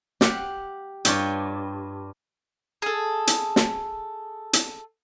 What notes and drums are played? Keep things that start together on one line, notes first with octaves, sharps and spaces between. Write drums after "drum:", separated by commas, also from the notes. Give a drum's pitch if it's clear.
G4 F5 F#5, drum: snare
G2 F4 C#5 G5, drum: hi-hat
G#4 A4
drum: hi-hat
drum: snare
drum: hi-hat